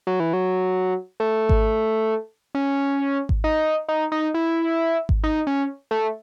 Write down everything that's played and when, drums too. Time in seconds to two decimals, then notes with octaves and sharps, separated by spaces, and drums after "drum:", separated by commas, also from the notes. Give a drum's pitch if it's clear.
0.07 F#3
0.20 E3
0.33 F#3
1.20 A3
1.49 drum: kick G#1
2.55 C#4
3.29 drum: kick G#1
3.44 D#4
3.89 D#4
4.12 D#4
4.34 E4
5.09 drum: kick G#1
5.24 D#4
5.47 C#4
5.91 A3